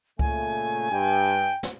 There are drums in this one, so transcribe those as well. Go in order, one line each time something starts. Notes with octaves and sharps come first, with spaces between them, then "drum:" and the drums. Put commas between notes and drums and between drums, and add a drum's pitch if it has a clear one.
A#2 C#3 A3 G#5, drum: kick C#2
G2 G5
drum: snare